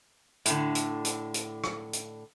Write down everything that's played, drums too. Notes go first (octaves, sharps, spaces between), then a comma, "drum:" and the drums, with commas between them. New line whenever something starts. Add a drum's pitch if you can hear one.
A2 D3, drum: hi-hat
drum: hi-hat
drum: hi-hat
drum: hi-hat
drum: rim click
drum: hi-hat